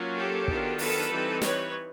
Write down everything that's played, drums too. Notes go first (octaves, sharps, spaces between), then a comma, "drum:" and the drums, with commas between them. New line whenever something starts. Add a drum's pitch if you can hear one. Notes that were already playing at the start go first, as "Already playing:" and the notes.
Already playing: F#3 A#3 C#4 F4
G4 A4
D#3 F#3 B3 D4 F4, drum: kick
A4 B4, drum: open hi-hat
E3 G3 C4 D#4
B4 C#5, drum: snare